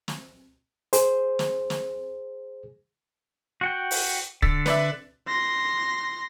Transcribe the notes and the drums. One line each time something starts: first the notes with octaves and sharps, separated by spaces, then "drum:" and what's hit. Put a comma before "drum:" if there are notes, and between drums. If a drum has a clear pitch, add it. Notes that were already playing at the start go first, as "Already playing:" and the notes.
drum: snare
G#4 C5, drum: hi-hat
drum: snare
drum: snare
F#4 F#5 G5
drum: open hi-hat
D3 E6 A6 B6, drum: kick
B4 D5 E5, drum: snare
C6 A#6